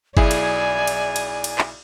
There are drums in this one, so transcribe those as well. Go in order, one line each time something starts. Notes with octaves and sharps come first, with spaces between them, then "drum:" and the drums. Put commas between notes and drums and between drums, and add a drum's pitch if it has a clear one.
B1 E4 G#4 D5 G#5, drum: kick G1
drum: cymbal
drum: cymbal
drum: cymbal
drum: cymbal
drum: clap